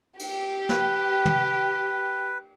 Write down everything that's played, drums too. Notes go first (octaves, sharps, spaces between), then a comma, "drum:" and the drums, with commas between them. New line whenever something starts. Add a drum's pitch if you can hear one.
G4, drum: cymbal
B4, drum: snare
drum: tom